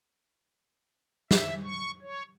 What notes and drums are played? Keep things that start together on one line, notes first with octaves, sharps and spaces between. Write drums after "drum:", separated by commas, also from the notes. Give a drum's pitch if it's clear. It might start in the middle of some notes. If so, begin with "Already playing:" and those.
E5, drum: snare
C#6
C#5